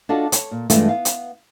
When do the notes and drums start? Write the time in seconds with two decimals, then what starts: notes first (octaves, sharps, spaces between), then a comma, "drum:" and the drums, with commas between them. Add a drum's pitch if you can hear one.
0.09 D4 F4 F#4 A4 D5 D#5
0.32 C#5, drum: hi-hat
0.51 A#2
0.70 G2 E3 G#3 A3 D4 F4, drum: hi-hat
0.89 B3 F5
1.05 drum: hi-hat